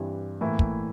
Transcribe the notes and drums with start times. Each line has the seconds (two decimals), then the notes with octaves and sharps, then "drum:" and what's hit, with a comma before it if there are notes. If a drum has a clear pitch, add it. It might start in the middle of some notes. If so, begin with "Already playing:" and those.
Already playing: G2 E3 G3 C4 E4
0.41 A2 E3 A#3 E4
0.59 drum: kick